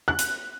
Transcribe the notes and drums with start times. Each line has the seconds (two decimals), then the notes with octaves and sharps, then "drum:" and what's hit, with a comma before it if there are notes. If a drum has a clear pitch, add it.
0.08 F#6
0.19 drum: hi-hat